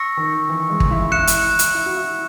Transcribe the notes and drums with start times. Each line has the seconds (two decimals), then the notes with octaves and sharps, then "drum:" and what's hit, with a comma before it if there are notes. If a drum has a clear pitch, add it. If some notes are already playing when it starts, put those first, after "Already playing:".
Already playing: C#6 E6 A#6 C#7
0.17 D#3
0.49 E3
0.70 G#3
0.80 drum: kick
0.91 E4
1.12 E4 F#6 C#7 E7
1.27 drum: hi-hat
1.59 drum: hi-hat
1.75 E4
1.86 F#4
1.96 E4